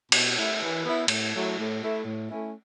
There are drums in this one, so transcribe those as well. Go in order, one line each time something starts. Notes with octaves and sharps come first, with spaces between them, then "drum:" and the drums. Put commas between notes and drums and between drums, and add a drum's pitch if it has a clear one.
B2, drum: cymbal
A3 E4
E3
B3 E4
A2, drum: cymbal
F#3 A3 E4
A2
A3 E4
A2
A3 C#4 E4